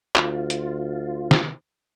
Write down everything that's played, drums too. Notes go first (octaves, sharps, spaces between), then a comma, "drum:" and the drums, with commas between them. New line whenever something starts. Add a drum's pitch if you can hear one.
D2 F4, drum: clap
drum: hi-hat
drum: snare